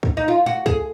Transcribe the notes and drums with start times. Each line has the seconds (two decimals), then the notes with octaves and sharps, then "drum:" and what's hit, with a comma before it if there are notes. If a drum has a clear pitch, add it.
0.03 drum: kick
0.17 D#4
0.28 F4
0.46 F#4
0.66 G#4, drum: kick